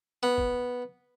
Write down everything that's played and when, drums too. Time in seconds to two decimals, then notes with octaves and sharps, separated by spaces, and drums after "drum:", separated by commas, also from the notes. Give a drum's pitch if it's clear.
0.23 B3
0.38 drum: kick